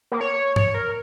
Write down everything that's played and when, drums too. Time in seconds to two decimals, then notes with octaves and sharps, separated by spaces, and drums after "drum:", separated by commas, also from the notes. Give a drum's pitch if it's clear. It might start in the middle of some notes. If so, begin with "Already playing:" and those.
0.12 A#3
0.21 C#5
0.56 C#5, drum: tom G2
0.74 A#4